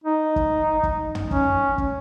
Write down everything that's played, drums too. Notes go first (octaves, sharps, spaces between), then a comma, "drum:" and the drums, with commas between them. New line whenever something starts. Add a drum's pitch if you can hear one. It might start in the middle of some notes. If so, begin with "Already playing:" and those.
D#4
drum: kick
drum: kick
drum: tom
C#4, drum: kick
drum: kick